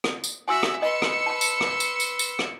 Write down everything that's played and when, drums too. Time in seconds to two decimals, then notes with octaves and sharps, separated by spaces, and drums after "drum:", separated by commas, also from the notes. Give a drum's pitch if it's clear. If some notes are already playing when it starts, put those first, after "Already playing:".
0.04 drum: rim click
0.24 drum: tambourine
0.48 F#4 E5 G#5 C6 E6
0.63 drum: rim click
0.82 B4 D#5 C6 E6 C#7
1.02 drum: rim click
1.26 A5 B5
1.41 drum: tambourine
1.61 drum: rim click
1.80 drum: tambourine
2.00 drum: tambourine
2.19 drum: tambourine
2.39 drum: rim click